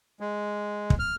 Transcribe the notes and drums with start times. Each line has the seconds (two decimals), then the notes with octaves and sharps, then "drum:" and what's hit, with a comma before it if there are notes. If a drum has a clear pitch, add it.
0.20 G#3
0.90 drum: kick
0.99 F6